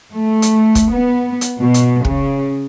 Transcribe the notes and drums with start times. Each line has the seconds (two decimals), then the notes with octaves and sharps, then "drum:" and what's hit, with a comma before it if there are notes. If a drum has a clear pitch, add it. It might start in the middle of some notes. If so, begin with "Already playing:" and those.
0.13 A3
0.42 drum: hi-hat
0.75 drum: kick, hi-hat
0.92 B3
1.41 drum: hi-hat
1.61 B2
1.74 drum: hi-hat
2.05 C#3, drum: kick